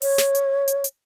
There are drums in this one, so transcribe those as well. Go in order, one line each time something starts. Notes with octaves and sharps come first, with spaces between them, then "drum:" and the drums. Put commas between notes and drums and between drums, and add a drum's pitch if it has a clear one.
C#5, drum: open hi-hat
drum: snare
drum: hi-hat
drum: hi-hat
drum: hi-hat